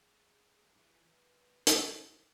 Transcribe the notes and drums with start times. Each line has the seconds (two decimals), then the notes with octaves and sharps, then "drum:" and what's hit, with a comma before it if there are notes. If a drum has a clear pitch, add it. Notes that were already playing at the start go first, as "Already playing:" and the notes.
Already playing: G#4
0.76 E3 G#4
0.92 F4
1.07 B4
1.67 D3 B4, drum: hi-hat
1.82 B4
1.96 A4